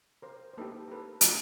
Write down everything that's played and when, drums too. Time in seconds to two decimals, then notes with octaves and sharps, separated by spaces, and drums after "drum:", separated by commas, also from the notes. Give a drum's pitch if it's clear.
0.22 A#4 C5
0.53 C5
0.57 A#3 D#4 G4 A4 B4
0.88 A#4
0.91 A4 B4
1.21 drum: hi-hat